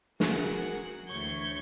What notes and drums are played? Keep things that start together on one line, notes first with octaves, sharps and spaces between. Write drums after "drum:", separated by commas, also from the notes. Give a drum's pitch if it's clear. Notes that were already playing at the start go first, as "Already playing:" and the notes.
F#4 G#4 A#4 F#5, drum: snare
D2 E3 C#5 C#6 G6 G#6